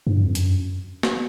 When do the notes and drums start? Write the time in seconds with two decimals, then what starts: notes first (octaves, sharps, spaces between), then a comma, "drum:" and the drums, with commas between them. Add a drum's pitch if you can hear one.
0.07 G2
0.24 F2
0.35 F#2, drum: hi-hat
1.03 drum: snare